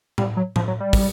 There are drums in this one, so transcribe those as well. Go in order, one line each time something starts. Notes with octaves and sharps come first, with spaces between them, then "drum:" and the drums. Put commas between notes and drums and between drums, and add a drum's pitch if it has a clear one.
G3, drum: tom A2
F#3
F3, drum: tom A2
F#3
G3
drum: kick, open hi-hat